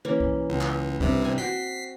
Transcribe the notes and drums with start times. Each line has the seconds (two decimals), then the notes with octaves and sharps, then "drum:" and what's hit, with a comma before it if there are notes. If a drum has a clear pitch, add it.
0.05 E3 A#3 C#4
0.20 drum: kick C2
0.50 C#2
0.61 drum: clap
1.00 G2 C3, drum: kick C2
1.22 C4 G#5
1.38 F#4 G5 B6 C7